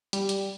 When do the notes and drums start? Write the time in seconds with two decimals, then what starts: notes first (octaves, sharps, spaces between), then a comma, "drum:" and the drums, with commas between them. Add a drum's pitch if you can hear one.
0.13 G3, drum: hi-hat
0.29 drum: hi-hat